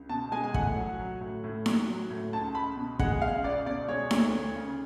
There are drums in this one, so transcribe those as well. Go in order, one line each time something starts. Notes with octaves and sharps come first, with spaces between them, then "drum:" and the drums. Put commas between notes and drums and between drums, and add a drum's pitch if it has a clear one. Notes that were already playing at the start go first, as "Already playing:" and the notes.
Already playing: C#2
B2 A5
G#3 G#5
G#5
A2 F#5, drum: kick
F#3
F#3
A2
A2
F#3, drum: snare D#4
F#3
A2
C#2 A5
C#2 B5
B2
G#3 F#5, drum: kick
C#2 F5
C#2 D5
B2 D5
G#3 C#5
D2, drum: snare D#4
D2
C#3